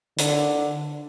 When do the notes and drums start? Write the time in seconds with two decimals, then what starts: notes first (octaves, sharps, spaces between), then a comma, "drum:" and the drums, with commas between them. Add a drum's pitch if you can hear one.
0.18 D3, drum: hi-hat